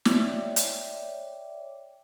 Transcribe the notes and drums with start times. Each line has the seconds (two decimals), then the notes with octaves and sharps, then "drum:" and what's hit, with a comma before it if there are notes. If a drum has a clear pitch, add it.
0.05 C#5 D5 E5 G5 D6, drum: snare
0.56 drum: hi-hat